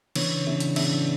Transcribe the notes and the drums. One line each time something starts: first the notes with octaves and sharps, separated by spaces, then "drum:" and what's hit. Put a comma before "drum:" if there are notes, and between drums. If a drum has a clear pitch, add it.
C#3 E3 B3 D4 C#5, drum: cymbal
C#3 E3 B3 D4 E5
drum: hi-hat
C#3 E3 B3 D4 E5, drum: cymbal